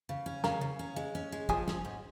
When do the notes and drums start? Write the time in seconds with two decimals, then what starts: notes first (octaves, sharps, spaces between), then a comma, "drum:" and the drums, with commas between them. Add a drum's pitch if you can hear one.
0.09 C#3
0.26 C#4
0.44 C#3 A#4, drum: snare
0.61 C#3
0.79 C#4
0.96 G#3
1.15 C#4
1.32 G#3
1.49 F3 G#4, drum: kick
1.68 C#4, drum: snare
1.85 G#2